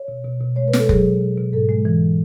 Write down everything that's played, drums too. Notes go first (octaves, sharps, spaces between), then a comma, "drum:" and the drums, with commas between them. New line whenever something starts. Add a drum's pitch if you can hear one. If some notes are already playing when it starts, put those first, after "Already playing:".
Already playing: C#5
B2
B2
B2
G#3 C#5
B4
G#3, drum: snare
A4
F#3 G#4, drum: kick F1
B2
B2
B2
G#2 A4
G#3
E3